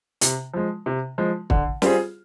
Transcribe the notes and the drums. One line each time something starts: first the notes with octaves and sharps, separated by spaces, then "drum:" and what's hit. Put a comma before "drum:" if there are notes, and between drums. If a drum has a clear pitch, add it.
C3, drum: hi-hat
F3 G#3
C3
F3 G#3
D3, drum: kick
G3 C4 F4 G#4, drum: snare